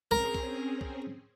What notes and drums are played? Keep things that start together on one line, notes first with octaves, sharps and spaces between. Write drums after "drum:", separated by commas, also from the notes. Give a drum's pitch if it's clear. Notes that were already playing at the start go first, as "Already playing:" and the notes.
C4 C#4 G#4 A#4, drum: kick C2
drum: kick C2
drum: kick C2